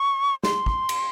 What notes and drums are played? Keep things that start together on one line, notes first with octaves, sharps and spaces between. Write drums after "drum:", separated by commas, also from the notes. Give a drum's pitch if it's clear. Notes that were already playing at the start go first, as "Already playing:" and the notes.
Already playing: C#6
C6, drum: snare
drum: kick
drum: cymbal